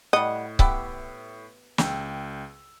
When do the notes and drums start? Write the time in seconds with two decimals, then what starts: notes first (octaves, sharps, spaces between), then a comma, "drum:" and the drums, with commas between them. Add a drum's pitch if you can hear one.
0.13 A2 G3 D#5 F#5
0.59 B3 G4 E5, drum: kick C#1
1.78 C#2 G5 E6, drum: snare